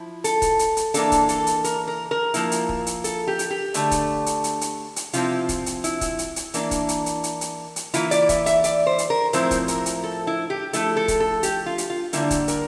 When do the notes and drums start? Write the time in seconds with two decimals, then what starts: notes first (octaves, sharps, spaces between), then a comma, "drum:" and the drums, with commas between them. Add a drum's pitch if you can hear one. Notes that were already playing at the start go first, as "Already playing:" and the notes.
Already playing: F3 E4
0.24 A4, drum: hi-hat
0.42 drum: kick, hi-hat
0.59 drum: hi-hat
0.77 drum: hi-hat
0.94 E3 A#3 D4 A4, drum: hi-hat
1.12 drum: kick, hi-hat
1.29 A4, drum: hi-hat
1.47 drum: hi-hat
1.64 A#4, drum: hi-hat
1.88 A#4
2.11 A#4
2.34 F3 A#3 E4, drum: hi-hat
2.52 drum: hi-hat
2.69 drum: kick
2.87 drum: hi-hat
3.04 A4, drum: hi-hat
3.27 G4
3.39 drum: hi-hat
3.50 G4
3.74 D3 A3 D4, drum: hi-hat
3.91 drum: kick, hi-hat
4.26 drum: hi-hat
4.44 drum: hi-hat
4.61 drum: hi-hat
4.96 drum: hi-hat
5.13 C3 F3 C4 E4 F4, drum: hi-hat
5.49 drum: kick, hi-hat
5.66 drum: hi-hat
5.84 E4, drum: hi-hat
6.01 drum: kick, hi-hat
6.19 drum: hi-hat
6.36 drum: hi-hat
6.54 E3 A#3 D4, drum: hi-hat
6.71 drum: kick, hi-hat
6.89 drum: hi-hat
7.06 drum: hi-hat
7.24 drum: hi-hat
7.41 drum: hi-hat
7.76 drum: hi-hat
7.94 E3 A#3 E4 F4, drum: hi-hat
8.11 D5, drum: hi-hat
8.29 E5, drum: kick, hi-hat
8.46 E5, drum: hi-hat
8.64 D5, drum: hi-hat
8.87 C5
8.98 drum: hi-hat
9.10 A#4
9.33 A2 F3 C4 E4 C5, drum: hi-hat
9.51 drum: kick, hi-hat
9.68 A#4, drum: hi-hat
9.86 drum: hi-hat
10.04 A4
10.27 E4
10.50 G4
10.73 F3 A3 E4 A4, drum: hi-hat
10.97 A4
11.08 drum: kick, hi-hat
11.20 A4
11.43 G4, drum: hi-hat
11.66 F4
11.78 drum: hi-hat
11.90 F4
12.13 D3 G3 A#3 E4, drum: hi-hat
12.31 drum: kick, hi-hat
12.48 A#4, drum: hi-hat